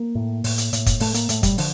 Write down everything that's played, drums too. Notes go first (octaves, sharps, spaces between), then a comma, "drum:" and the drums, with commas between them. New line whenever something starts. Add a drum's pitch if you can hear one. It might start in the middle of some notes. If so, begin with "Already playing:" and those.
Already playing: A#3
A2
A2, drum: open hi-hat
drum: hi-hat
A2, drum: hi-hat
drum: kick, hi-hat
A2 A3, drum: open hi-hat
A#3, drum: hi-hat
A2 A3, drum: hi-hat
G3, drum: kick, hi-hat
D3 F3, drum: open hi-hat